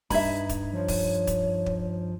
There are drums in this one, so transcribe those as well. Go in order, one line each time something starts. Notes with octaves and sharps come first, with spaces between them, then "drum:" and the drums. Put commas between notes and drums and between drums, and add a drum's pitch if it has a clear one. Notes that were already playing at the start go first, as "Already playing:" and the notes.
G2 D#4 E5 B5 G#6, drum: kick, open hi-hat
drum: kick, hi-hat
F3 C#5
drum: kick, open hi-hat
drum: kick, hi-hat
drum: kick